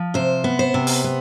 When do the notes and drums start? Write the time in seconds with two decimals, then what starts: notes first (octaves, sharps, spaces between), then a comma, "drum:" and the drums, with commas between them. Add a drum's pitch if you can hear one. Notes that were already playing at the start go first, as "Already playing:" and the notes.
Already playing: F3
0.14 C3 C5
0.44 B3
0.59 C5
0.74 C3
0.87 drum: open hi-hat
1.04 B3